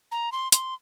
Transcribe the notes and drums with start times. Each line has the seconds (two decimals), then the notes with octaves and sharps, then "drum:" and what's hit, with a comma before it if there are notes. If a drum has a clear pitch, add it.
0.12 A#5
0.32 C6
0.52 C6, drum: hi-hat